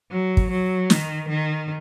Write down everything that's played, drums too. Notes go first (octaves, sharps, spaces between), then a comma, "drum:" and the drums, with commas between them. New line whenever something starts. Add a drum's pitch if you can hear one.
F#3
drum: kick
F#3
D#3, drum: snare
D#3